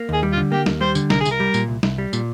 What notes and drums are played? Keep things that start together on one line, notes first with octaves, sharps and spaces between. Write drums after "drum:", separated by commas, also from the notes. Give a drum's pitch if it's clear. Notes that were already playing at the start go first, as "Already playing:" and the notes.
Already playing: A#3
D#2 G#4
G3
F4
D3
A#3 G4
D#2, drum: snare
G3 C5
D3, drum: tambourine
C2 A#4, drum: snare
G#4
C2, drum: tambourine
A#4
G3
A#2, drum: tambourine
C2
C2, drum: snare
G3
A#2, drum: tambourine